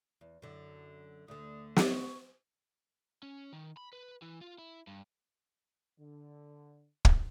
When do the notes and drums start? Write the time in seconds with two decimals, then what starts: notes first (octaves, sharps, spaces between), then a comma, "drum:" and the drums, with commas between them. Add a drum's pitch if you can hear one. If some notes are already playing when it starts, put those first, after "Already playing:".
0.21 E2
0.42 F#2 D3
1.28 D2 D3 D#6
1.76 drum: snare
1.87 C#6
3.23 C#4
3.53 D#3
3.77 B5
3.93 B4
4.22 E3
4.41 F4
4.58 E4
4.87 G2
5.99 D3
7.05 drum: kick